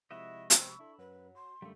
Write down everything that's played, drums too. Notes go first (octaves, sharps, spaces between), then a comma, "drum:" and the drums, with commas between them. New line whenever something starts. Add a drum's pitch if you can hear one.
C3 F3 G#3 E4 D#5 E5 F#5 C#6
C4 B5 E6, drum: hi-hat
D4 E4 A4
F#2 F#3 B4
F#4 C6
F#2 D3 G3 A3 A#3